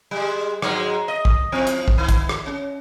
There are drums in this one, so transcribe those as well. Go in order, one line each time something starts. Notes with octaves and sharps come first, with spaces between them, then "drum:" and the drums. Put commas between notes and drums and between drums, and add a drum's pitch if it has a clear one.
G3 G#3
G#2 F#3 G#3, drum: rim click
D#5
drum: kick
E3 C4
drum: hi-hat
drum: kick
D#3
drum: kick, hi-hat
drum: rim click
C#4